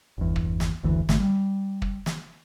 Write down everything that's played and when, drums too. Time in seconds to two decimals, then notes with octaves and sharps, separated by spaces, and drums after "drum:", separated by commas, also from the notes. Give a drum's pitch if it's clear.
0.18 G1 E2
0.36 drum: kick
0.60 drum: snare
0.83 F#1 D2 E3
1.09 G#1 D3 A3, drum: snare
1.20 G3
1.82 drum: kick
2.06 drum: snare